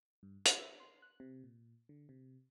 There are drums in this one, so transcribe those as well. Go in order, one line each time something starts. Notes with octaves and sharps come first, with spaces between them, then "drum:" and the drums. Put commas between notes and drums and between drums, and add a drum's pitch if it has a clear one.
G2
F#4, drum: hi-hat
E5
C6
F#6
C3
A#2
D3
C3